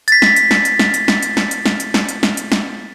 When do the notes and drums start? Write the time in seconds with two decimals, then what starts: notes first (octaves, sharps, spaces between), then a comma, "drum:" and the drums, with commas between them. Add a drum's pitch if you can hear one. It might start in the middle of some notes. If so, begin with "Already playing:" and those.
0.08 A6 B6, drum: hi-hat
0.22 drum: snare
0.36 drum: hi-hat
0.51 drum: snare
0.65 drum: hi-hat
0.79 drum: snare
0.94 drum: hi-hat
1.08 drum: snare
1.23 drum: hi-hat
1.37 drum: snare
1.51 drum: hi-hat
1.66 drum: snare
1.80 drum: hi-hat
1.94 drum: snare
2.09 drum: hi-hat
2.23 drum: snare
2.37 drum: hi-hat
2.52 drum: snare